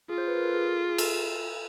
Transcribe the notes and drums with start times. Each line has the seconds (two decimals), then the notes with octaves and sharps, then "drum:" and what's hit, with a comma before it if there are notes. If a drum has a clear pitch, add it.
0.09 F4 G#4
0.18 C5
0.28 B4
0.36 A#4
0.45 A4
0.54 G#4
0.89 G#4
0.98 A4, drum: cymbal